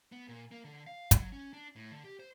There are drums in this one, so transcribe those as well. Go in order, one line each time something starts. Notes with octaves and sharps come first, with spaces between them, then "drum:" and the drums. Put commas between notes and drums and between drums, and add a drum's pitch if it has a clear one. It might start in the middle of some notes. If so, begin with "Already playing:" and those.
B3
A#2
A#3
D3
F5
F#3, drum: kick, hi-hat
C#4
D4
A2
D3
G4
C5